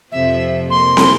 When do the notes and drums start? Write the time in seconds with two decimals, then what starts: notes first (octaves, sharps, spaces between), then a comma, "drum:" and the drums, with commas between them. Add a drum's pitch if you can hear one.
0.12 F2 C3 F3 E5
0.70 A#3 C6
0.97 drum: snare